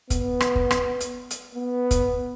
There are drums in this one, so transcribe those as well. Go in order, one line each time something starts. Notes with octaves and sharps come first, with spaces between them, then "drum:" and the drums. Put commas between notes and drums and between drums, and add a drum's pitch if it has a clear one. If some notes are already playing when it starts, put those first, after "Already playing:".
B3, drum: kick, hi-hat
drum: rim click
drum: kick
drum: rim click
drum: hi-hat
drum: hi-hat
B3
drum: kick, hi-hat